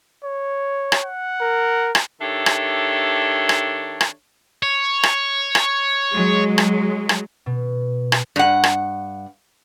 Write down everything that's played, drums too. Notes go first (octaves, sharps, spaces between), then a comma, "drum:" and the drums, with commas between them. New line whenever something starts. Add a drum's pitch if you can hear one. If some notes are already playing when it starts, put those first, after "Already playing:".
C#5
drum: rim click
F#5
A#4
drum: rim click
D#3 D4 G4 A4 C#5 E5
drum: rim click
drum: rim click
drum: rim click
C#5
drum: rim click
drum: rim click
F#3 G#3
drum: rim click
drum: rim click
B2
drum: rim click
G2 F#5
drum: rim click